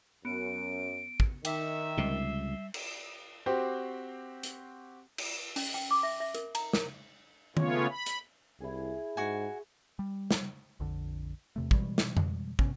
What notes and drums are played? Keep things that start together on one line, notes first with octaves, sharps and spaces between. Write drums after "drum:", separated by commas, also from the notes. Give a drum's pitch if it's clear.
F#2 B3 C#7 D7
drum: kick
D#3 E5 G5 D6 B6, drum: cymbal
C#2 C3 G3 C7 G7
drum: cymbal
C4 F#4 G4 C5
drum: hi-hat
drum: cymbal
C#4, drum: open hi-hat
G5
D6
E5
E5
A#4, drum: hi-hat
A#5, drum: cymbal
A#4, drum: snare
C#3 A3 B3 C#4 F4 C#5, drum: tom D#3
B5
drum: hi-hat
C2 E4 G#4
G#2 F#4 G#5
G3
drum: snare
A#1 F2 D3
E2 C3 A3
B2 E3 G3 G#3, drum: kick
drum: snare
drum: tom F2
G2 C3 B3 C#4, drum: kick